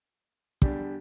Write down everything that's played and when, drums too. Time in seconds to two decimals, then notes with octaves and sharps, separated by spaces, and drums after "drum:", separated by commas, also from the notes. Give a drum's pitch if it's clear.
0.62 E2 D3 G3 D4 G4, drum: kick